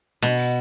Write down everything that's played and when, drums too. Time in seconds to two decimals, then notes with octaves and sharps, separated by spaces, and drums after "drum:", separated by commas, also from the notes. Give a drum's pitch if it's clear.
0.22 B2, drum: snare D4
0.38 drum: open hi-hat